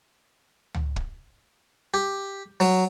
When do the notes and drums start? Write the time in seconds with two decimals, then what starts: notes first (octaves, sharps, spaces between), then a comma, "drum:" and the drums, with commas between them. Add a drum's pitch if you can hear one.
0.74 drum: tom
0.96 drum: kick
1.94 G4
2.60 F#3, drum: open hi-hat